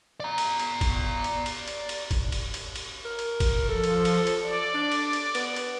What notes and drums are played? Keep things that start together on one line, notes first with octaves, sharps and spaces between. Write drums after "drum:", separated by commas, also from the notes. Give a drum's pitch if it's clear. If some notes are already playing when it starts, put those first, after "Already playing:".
D5 A#5
drum: cymbal
drum: cymbal
drum: kick, cymbal
drum: cymbal
drum: cymbal
drum: cymbal
drum: cymbal
drum: kick, cymbal
drum: cymbal
drum: cymbal
drum: cymbal
A#4
drum: cymbal
drum: kick, cymbal
F3 A4
drum: cymbal
drum: cymbal
drum: cymbal
D5
D4
drum: cymbal
drum: cymbal
B3, drum: cymbal
drum: cymbal